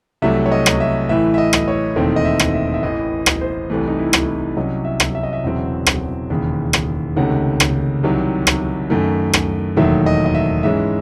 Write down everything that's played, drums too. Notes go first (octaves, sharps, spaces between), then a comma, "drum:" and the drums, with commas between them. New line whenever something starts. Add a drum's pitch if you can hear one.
C2 C3 F#3 A3 E5
C#5
D#5
drum: rim click
E5
A1 A2 E3 A3 E5
E5
D#5
drum: rim click
C#5
E1 D#2 D#3 A3 C4
D#5
E5
drum: rim click
E5
E5
A1 A2 E3 D#5
drum: rim click
C5
C2 C3 E3 A3
D#4
E4
drum: rim click
E4
C2 C3 F#3 C#4 D#5
E5
drum: rim click
E5
D#5
E5
E1 E2 C#3 F#3 C4
drum: rim click
E1 D#2 C#3
drum: rim click
C#2 C3 D#3 A3 C#4 F#5
drum: rim click
C2 C3 D#3 F#3
drum: rim click
F#2 D#3 A3
drum: rim click
E1 D#2 D#3 F#3 A3 E5
D#5
D#5
E5
G#2 E3 G#3 C#4 E5